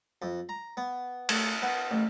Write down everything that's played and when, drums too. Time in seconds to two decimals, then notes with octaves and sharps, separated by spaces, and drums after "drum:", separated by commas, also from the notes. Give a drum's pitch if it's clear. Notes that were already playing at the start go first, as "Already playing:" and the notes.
0.22 F2
0.49 A#5
0.77 B3
1.29 A3, drum: cymbal
1.62 B3
1.91 A1